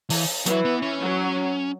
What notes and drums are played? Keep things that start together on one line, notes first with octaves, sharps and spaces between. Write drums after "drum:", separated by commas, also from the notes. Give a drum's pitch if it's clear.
E3, drum: open hi-hat
E3 F#3, drum: hi-hat
B3
C#4
F#3